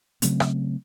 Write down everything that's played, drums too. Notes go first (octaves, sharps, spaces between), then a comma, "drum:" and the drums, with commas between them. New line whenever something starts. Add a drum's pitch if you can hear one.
C#3 F#3 A3 C4, drum: hi-hat
drum: rim click